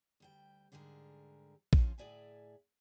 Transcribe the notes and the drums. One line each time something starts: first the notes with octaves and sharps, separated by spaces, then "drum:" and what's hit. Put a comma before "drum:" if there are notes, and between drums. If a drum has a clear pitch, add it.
D2 G3 G5
G#2 D3 G3 G#4 A#4
D3 F3 C#4 F4 C#5, drum: kick A#1
A2 G#4 D5 E5 G#5